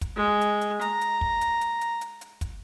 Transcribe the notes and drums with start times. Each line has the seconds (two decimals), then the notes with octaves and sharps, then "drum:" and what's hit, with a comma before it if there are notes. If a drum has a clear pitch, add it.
0.01 drum: kick, hi-hat
0.16 G#3
0.41 drum: hi-hat
0.61 drum: hi-hat
0.81 A#5, drum: hi-hat
1.01 drum: hi-hat
1.21 drum: kick
1.41 drum: hi-hat
1.61 drum: hi-hat
1.81 drum: hi-hat
2.01 drum: hi-hat
2.21 drum: hi-hat
2.41 drum: kick, hi-hat